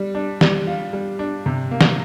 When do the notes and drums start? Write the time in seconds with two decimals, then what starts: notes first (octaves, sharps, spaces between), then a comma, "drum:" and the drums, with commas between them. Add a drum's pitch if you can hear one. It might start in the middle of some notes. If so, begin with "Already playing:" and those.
Already playing: G3
0.15 D4
0.41 G3, drum: snare
0.67 F4
0.93 G3
1.19 D4
1.46 C3
1.71 A#3
1.81 drum: snare